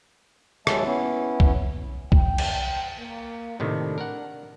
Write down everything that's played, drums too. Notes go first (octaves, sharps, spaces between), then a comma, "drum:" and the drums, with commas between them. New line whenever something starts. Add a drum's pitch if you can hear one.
D#2 F#3 G#3 E5 A5, drum: rim click
B3 C#4 E4
drum: kick B1
G5, drum: kick B1
drum: cymbal
A#3
A2 C3 D#3 D4
A#4 F#5